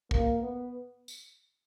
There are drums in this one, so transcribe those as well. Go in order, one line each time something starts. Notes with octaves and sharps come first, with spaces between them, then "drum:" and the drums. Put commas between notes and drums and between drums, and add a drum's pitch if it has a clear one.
A#3, drum: kick
B3
drum: tambourine